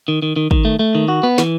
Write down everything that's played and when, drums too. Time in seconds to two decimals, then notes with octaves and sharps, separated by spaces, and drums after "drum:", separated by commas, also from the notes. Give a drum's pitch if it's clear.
0.08 D#3
0.22 D#3
0.36 D#3
0.51 D#3, drum: kick
0.65 A3
0.79 A3
0.95 D#3
1.08 F#4
1.23 B3
1.38 E3, drum: snare